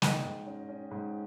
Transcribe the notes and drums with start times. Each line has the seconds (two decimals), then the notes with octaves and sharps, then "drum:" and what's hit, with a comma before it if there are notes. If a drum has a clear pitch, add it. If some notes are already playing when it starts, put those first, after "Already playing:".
0.02 G#2 D#5 G5, drum: snare
0.24 G#2
0.47 C#4
0.69 C#4
0.91 G#2